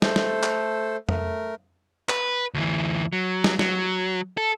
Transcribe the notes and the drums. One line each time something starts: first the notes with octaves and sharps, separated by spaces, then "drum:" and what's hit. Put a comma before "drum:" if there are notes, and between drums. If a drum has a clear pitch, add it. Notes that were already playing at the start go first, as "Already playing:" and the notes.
A3 A4 C5, drum: snare
drum: snare
drum: clap
A3 A#4, drum: tom F2
B4, drum: clap
D2 E3
F#3
drum: snare
F#3, drum: snare
A4